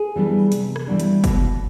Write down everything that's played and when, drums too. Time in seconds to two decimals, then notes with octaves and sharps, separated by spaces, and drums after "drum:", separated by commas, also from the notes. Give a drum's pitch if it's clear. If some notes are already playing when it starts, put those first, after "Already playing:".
Already playing: G#4
0.16 E3 G3 B3 D4
0.52 C3, drum: hi-hat
0.76 drum: rim click
0.87 E3 G3 B3 D4
1.00 drum: hi-hat
1.24 B2, drum: kick, hi-hat